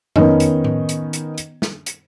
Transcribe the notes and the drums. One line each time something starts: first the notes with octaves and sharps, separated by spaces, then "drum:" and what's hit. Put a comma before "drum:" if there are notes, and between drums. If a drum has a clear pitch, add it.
D#3 B3 C#4 D#4, drum: tom F2
drum: hi-hat
drum: tom A2
drum: hi-hat
drum: hi-hat
drum: hi-hat
drum: snare
drum: hi-hat